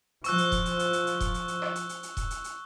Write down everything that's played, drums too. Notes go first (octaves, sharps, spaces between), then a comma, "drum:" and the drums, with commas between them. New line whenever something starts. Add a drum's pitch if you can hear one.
F3 C#6 E6 F#6, drum: hi-hat
drum: hi-hat
drum: kick E1, hi-hat
drum: hi-hat
drum: hi-hat
drum: hi-hat
drum: hi-hat
drum: kick E1, hi-hat
drum: hi-hat
drum: hi-hat
drum: rim click
drum: hi-hat
drum: hi-hat
drum: hi-hat
drum: kick E1, hi-hat
drum: hi-hat
drum: hi-hat